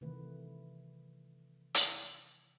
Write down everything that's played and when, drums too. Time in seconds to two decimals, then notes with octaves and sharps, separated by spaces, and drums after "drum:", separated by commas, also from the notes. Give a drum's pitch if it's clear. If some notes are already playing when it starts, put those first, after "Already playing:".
0.01 C3 D#3 E3 A3 B4
1.74 drum: hi-hat